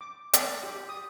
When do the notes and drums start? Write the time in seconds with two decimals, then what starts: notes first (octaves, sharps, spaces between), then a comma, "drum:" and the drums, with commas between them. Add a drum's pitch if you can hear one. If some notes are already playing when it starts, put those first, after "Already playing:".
0.01 D6
0.33 D5, drum: hi-hat
0.64 G4
0.89 D#6